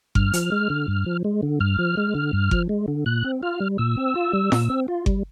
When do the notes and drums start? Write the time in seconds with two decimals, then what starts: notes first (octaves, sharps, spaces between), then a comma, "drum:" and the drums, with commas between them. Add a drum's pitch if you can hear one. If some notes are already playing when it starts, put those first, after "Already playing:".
0.15 G2 F6, drum: kick G1
0.33 F3, drum: hi-hat
0.52 G#3
0.70 D3
0.88 G2
1.06 F3
1.24 G#3
1.43 D3
1.60 G2 F6
1.79 F3
1.97 G#3
2.15 D3
2.33 G2
2.51 F3, drum: kick G1
2.69 G#3
2.88 D3
3.06 A#2 F#6
3.24 C4
3.43 F4 F6
3.60 G3
3.78 A#2 E6
3.97 C4
4.15 F4
4.33 G3
4.52 A#2, drum: snare
4.70 C4
4.88 F4
5.06 G3, drum: kick G1